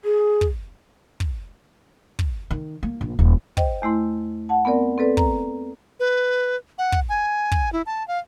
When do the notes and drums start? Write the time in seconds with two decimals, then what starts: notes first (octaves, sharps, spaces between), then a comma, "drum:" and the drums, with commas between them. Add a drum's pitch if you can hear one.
0.04 G#4
0.41 drum: kick
1.20 drum: kick
2.19 drum: kick
2.51 D#3
2.83 A#3
3.01 A#1
3.19 D#1
3.57 C5 D#5 G5, drum: kick
3.82 E2 A3 E4 C6
4.49 F#5 A5
4.65 B3 C4 A#4 D5
4.98 C4 A4 B4 D5
5.17 A#5, drum: kick
6.00 B4
6.78 F#5
6.92 drum: kick
7.09 G#5
7.52 drum: kick
7.73 E4
7.86 A5
8.08 F5